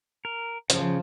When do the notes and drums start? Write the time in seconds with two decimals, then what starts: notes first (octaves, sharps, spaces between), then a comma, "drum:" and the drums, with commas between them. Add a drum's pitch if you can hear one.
0.25 A#4
0.70 C#3 F3, drum: hi-hat